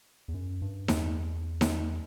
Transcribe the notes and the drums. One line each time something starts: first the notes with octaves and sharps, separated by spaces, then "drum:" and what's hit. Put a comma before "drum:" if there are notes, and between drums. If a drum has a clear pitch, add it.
E2
F#2
G2
E2, drum: snare D#4
drum: snare D#4